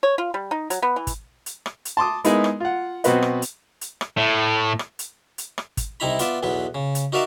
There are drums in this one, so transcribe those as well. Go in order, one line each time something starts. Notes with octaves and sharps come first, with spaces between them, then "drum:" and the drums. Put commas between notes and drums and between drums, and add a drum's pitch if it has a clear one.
C#5
F4
G3
D#4
F#3, drum: hi-hat
B3
E3
drum: kick, hi-hat
drum: hi-hat
drum: rim click
drum: hi-hat
A5 C6 D6 D#6
G#3 B3 D#4 E4 G#4 A#4, drum: hi-hat
drum: rim click
F4 F#5
B2 F#3 C4 F#4 B4 D#5, drum: hi-hat
drum: rim click
drum: hi-hat
drum: hi-hat
drum: rim click
A2
drum: rim click
drum: hi-hat
drum: hi-hat
drum: rim click
drum: kick, hi-hat
C2 C3 D#4 E4 A#5 B5
B3 F4 D5 E5, drum: hi-hat
B1 E2 B3 B4
C#3
drum: hi-hat
D#4 F#4 A#4 D5 E5 F5